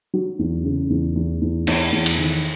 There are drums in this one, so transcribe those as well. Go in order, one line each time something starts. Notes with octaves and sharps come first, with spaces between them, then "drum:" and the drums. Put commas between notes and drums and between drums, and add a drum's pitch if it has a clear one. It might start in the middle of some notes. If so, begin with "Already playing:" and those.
F#3
E2
C#3
E2
E2
E2
E2, drum: cymbal
E2
drum: cymbal
D#3